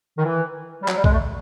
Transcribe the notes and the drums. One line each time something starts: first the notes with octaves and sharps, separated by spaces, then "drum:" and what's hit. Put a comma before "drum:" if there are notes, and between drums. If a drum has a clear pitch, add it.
D#3
E3
G3
F#3, drum: clap
G3
G#3, drum: kick
A3